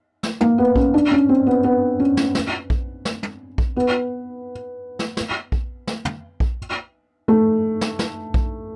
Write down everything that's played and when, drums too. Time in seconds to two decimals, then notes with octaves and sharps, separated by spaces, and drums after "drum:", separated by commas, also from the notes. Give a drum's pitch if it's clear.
0.23 drum: snare
0.41 A#3, drum: tom
0.58 B3
0.76 C#4, drum: kick A#1
0.94 D4
1.11 C#4
1.29 C4
1.46 B3
1.64 B3
2.00 C#4
2.17 drum: snare
2.35 drum: snare
2.70 drum: kick A#1
3.05 drum: snare
3.23 drum: tom
3.58 drum: kick A#1
3.76 B3
4.99 drum: snare
5.17 drum: snare
5.52 drum: kick A#1
5.87 drum: snare
6.05 drum: tom
6.40 drum: kick A#1
7.28 A3
7.81 drum: snare
7.99 drum: snare
8.34 drum: kick A#1